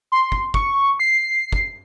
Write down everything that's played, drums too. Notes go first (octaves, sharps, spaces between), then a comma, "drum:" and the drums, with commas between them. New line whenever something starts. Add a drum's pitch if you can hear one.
C6
drum: kick
C#6, drum: kick
C7
drum: kick